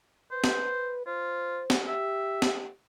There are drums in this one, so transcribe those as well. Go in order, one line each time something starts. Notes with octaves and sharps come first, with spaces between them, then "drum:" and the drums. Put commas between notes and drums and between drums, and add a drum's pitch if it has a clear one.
B4 C5
drum: snare
F4 C5
drum: snare
G4 E5
drum: snare